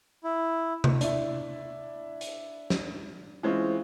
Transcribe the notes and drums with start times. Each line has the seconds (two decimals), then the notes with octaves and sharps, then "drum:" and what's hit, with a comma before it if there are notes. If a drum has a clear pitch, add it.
0.24 E4
0.84 drum: tom C3
1.01 D4 E4, drum: hi-hat
2.21 drum: hi-hat
2.70 drum: snare
3.43 E3 G#3 C4 C#4 F4